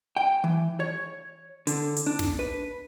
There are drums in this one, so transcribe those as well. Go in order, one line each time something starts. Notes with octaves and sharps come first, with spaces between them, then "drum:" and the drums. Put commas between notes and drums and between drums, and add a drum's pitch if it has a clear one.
G5
E3
C#5
D3, drum: hi-hat
drum: hi-hat
D4
drum: snare
B4